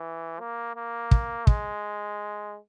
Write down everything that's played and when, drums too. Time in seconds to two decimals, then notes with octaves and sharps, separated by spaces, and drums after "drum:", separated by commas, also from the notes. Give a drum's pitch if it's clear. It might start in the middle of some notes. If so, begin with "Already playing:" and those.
Already playing: E3
0.40 A#3
0.76 A#3
1.11 drum: kick
1.47 G#3, drum: kick